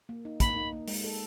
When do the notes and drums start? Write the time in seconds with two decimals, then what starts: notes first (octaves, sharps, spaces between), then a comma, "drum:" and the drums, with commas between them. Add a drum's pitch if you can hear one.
0.09 A#3
0.25 D#4
0.40 A#3 B5, drum: kick, hi-hat
0.56 D#4
0.72 A#3
0.88 G#3, drum: open hi-hat
1.04 A4